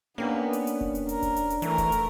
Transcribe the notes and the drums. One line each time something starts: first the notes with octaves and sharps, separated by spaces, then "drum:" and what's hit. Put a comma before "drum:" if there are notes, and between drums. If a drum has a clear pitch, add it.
A#3 B3 C#4 D4 G4 B4
drum: hi-hat
drum: hi-hat
drum: kick E1
drum: hi-hat
A#4, drum: hi-hat
drum: kick E1, hi-hat
drum: hi-hat
drum: hi-hat
E3 A3 A#4, drum: hi-hat
drum: kick E1, hi-hat
drum: hi-hat